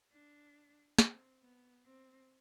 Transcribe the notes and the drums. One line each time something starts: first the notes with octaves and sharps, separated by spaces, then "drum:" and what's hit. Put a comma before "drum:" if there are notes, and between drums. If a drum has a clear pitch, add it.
D4
C4, drum: snare
B3
C4